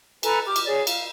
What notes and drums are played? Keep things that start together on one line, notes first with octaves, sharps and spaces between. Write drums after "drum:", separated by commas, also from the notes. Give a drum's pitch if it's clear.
A4 B4 G#5 A#5, drum: cymbal
G4 D6 F6
drum: cymbal
G#4 C#5 D5
F5, drum: cymbal